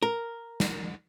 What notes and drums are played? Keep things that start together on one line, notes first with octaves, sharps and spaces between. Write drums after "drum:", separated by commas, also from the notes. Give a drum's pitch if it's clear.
A#4
drum: snare